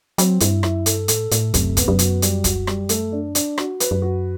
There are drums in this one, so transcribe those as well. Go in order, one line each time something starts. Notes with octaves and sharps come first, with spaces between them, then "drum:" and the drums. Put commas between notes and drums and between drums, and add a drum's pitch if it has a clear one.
F#3 C4, drum: hi-hat
G2 E4, drum: hi-hat
F#2 E4, drum: rim click
G2 A4, drum: hi-hat
A2 A4, drum: hi-hat
A2 A3, drum: hi-hat
F#2 C3, drum: kick, hi-hat
B3, drum: kick, hi-hat
F#2
F#4, drum: hi-hat
G3, drum: hi-hat
F#4, drum: kick, hi-hat
G3, drum: rim click
A3, drum: hi-hat
D4
D4, drum: hi-hat
F#4, drum: rim click
B4, drum: hi-hat
F#2
F#4